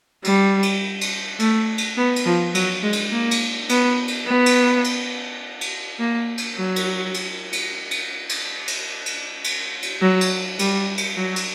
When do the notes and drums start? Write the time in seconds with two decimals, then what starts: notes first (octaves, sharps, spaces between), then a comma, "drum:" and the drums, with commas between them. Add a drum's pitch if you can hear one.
0.24 G3, drum: cymbal
0.63 drum: cymbal
1.01 drum: cymbal
1.39 A3, drum: cymbal
1.78 drum: cymbal
1.97 B3
2.16 drum: cymbal
2.26 F3
2.55 F#3, drum: cymbal
2.83 G#3
2.93 drum: cymbal
3.12 A#3
3.31 drum: cymbal
3.69 B3, drum: cymbal
4.08 drum: cymbal
4.27 B3
4.46 drum: cymbal
4.84 drum: cymbal
5.61 drum: cymbal
5.99 A#3
6.38 drum: cymbal
6.57 F#3
6.76 drum: cymbal
7.14 drum: cymbal
7.53 drum: cymbal
7.91 drum: cymbal
8.29 drum: cymbal
8.67 drum: cymbal
9.06 drum: cymbal
9.44 drum: cymbal
9.82 drum: cymbal
10.01 F#3
10.21 drum: cymbal
10.59 G3, drum: cymbal
10.97 drum: cymbal
11.17 F#3
11.36 drum: cymbal